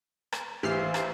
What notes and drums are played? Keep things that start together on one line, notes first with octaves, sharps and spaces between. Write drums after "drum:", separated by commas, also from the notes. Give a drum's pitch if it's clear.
drum: rim click
A1 E3 G4 C5 E5 F5 F6 C7
drum: rim click